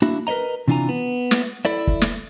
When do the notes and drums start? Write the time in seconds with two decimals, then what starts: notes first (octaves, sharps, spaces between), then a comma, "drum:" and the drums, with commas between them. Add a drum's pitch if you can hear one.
0.02 A#3 D4 E4 F#4
0.27 A#4 B4 C#5 D#5 A#5
0.68 C3 E3 D4 F4 G#5 A#5
0.89 B3
1.31 drum: snare
1.65 E4 A4 D5 E5
1.87 drum: kick
2.01 drum: snare